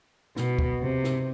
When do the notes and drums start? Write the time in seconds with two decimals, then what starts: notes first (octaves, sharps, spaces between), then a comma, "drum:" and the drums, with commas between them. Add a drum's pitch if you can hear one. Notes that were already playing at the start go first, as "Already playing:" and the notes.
0.36 B2, drum: snare
0.59 drum: kick
0.81 C3
1.04 drum: snare